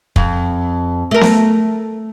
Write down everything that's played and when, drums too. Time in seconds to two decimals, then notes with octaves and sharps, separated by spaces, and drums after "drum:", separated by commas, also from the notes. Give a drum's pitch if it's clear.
0.16 F2, drum: kick
1.11 A3 A#4
1.21 drum: snare B3